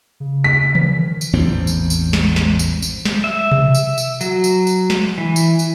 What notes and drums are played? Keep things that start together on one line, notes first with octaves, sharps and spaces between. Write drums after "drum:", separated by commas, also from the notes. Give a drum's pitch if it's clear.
C#3
B6
drum: tom D#3
D#3
D#3
drum: tambourine
A1 E2 G#2 C4
drum: tambourine
drum: tambourine
drum: snare
drum: snare
drum: tambourine
drum: tambourine
drum: snare
E5
drum: tom B2
drum: tambourine
drum: tambourine
F#3, drum: tambourine
drum: tambourine
drum: tambourine
drum: snare
E3
drum: tambourine
drum: tambourine